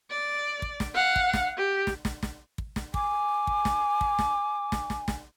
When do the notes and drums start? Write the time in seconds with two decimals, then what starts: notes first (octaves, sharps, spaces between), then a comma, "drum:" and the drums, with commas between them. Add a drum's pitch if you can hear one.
0.10 D5
0.62 drum: kick
0.80 drum: snare
0.94 F5 F#5
1.16 drum: kick
1.33 drum: snare
1.57 G4
1.87 drum: snare
2.05 drum: snare
2.23 drum: snare
2.58 drum: kick
2.76 drum: snare
2.94 G#5 D6, drum: kick
3.47 drum: kick
3.65 drum: snare
4.01 drum: kick
4.19 drum: snare
4.72 drum: snare
4.90 drum: snare
5.08 drum: snare